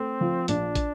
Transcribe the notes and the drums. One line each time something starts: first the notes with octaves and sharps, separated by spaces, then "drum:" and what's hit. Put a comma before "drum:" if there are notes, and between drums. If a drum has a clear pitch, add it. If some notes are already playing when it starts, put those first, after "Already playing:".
Already playing: A3 C4
F3
A#1 D4, drum: hi-hat
drum: kick, hi-hat